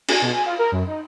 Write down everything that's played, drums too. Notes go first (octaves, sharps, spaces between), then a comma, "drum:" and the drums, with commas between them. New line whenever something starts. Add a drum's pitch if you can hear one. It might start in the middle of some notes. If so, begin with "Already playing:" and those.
G#5, drum: cymbal
B2
G#5
F4
A#4
F#2
D#4